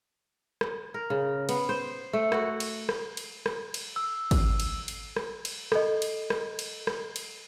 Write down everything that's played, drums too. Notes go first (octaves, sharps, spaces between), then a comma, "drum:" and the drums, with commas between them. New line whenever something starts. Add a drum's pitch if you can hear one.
drum: rim click
A#4
C#3
B3, drum: cymbal
C5
A3
F#4, drum: rim click
drum: cymbal
drum: rim click
drum: cymbal
drum: rim click
drum: cymbal
E6
drum: kick, cymbal
drum: cymbal
drum: cymbal
drum: rim click
drum: cymbal
A4 D#5, drum: rim click
drum: cymbal
drum: rim click
drum: cymbal
drum: rim click
drum: cymbal